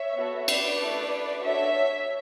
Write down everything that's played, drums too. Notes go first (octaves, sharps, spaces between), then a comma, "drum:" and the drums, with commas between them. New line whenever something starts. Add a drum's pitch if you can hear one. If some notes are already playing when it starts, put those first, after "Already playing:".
Already playing: C#5 E5
B3 F#4 A4
B4 D5, drum: cymbal
A3 E4 A4
D4 F#4 A4 C#5 E5